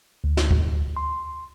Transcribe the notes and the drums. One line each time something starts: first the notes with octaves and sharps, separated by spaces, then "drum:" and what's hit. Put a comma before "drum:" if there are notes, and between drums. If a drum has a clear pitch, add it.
D2
drum: snare
drum: kick D2
C6